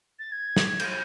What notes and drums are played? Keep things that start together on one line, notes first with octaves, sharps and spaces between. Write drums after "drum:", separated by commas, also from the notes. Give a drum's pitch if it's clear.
A6
G#6
drum: snare
G6, drum: cymbal